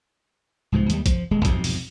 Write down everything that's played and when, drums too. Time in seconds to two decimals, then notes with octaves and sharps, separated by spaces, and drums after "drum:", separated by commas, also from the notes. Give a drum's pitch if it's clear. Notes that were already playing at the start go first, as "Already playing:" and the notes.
0.72 C2 G#2 B2 F3
0.90 D#2 G3, drum: hi-hat
1.06 F3, drum: kick, hi-hat
1.31 D#1 G#3
1.45 B1 F2 G#2 C3, drum: kick, hi-hat
1.64 drum: open hi-hat